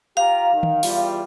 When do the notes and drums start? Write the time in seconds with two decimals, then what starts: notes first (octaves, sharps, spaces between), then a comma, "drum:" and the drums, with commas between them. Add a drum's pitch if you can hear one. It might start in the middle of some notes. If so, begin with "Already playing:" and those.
0.17 F4 G4 F5 A#5
0.53 D#3
0.63 drum: tom D#3
0.83 E2 G3 F4, drum: open hi-hat